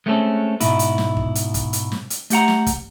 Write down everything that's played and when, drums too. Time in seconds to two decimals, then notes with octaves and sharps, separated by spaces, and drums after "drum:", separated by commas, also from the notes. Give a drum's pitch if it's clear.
0.06 G#3 A3 C4 C#4 F#4 A4
0.60 G#2 B2 E4, drum: hi-hat
0.79 drum: hi-hat
0.98 drum: snare
1.17 drum: kick
1.35 drum: hi-hat
1.54 drum: kick, hi-hat
1.73 drum: hi-hat
1.92 drum: snare
2.10 drum: hi-hat
2.30 A3 G4 F#5 A#5, drum: hi-hat
2.48 drum: snare
2.66 drum: kick, hi-hat